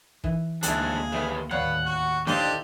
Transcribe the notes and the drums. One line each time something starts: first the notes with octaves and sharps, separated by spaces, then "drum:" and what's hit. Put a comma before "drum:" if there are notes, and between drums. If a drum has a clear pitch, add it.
E3, drum: kick
D2 G#2 A#3 D4 E4 G#4 A4, drum: hi-hat
D#2 A3 B3 G4
D#2 A2 G3 B3 C#5 F5 F#5
F#4
A2 D3 C4 D#4 G4 D5 D#5 F5, drum: snare D4